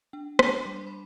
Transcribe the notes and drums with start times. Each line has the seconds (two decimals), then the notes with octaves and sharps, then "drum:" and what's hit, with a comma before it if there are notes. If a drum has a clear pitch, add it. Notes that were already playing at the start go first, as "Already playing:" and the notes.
0.13 D4 G5
0.39 D4 A5, drum: rim click
0.66 G3 D6
0.76 C6
0.87 B5